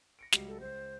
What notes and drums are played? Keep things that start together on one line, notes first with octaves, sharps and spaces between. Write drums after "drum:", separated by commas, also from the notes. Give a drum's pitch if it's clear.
A#6 C#7 D7
C#2 F#3 G3, drum: snare
A4
C#2 C5